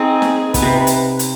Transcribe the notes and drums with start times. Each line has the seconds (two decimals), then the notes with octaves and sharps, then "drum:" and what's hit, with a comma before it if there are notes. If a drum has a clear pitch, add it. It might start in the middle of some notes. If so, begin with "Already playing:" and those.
Already playing: C4 D#4 G#4
0.22 drum: snare
0.54 B3 B4, drum: kick, hi-hat
0.62 C3
0.87 drum: hi-hat
1.19 drum: hi-hat